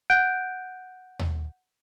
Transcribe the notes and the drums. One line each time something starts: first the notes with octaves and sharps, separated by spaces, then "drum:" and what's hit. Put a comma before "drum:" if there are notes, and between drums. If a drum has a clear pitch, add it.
F#5 F#6 G6 D7
drum: tom D#2